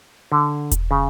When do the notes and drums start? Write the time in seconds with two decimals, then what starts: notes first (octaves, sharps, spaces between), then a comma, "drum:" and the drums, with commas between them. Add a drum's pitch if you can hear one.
0.32 D3
0.71 drum: kick E1, hi-hat
0.91 C#3